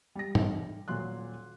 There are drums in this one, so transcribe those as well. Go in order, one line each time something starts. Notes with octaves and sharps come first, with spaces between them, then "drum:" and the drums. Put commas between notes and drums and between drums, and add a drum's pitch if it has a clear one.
G3 A#6
drum: tom G#2
D#1 A#2 F#3 C6 F#6